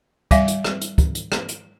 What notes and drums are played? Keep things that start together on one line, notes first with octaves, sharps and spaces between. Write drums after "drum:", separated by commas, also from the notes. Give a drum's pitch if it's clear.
G3 E5 F5 G#5, drum: kick, hi-hat
drum: hi-hat
drum: rim click
drum: hi-hat
drum: kick, hi-hat
drum: hi-hat
drum: rim click
drum: hi-hat